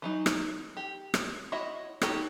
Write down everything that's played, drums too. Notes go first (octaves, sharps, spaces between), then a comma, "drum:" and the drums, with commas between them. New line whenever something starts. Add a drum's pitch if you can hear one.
E3 F#3 D#4
drum: rim click
G4
drum: rim click
E4 F#4 C#5 D#5 E5
D#4 F#4 G4 A4 C#5, drum: rim click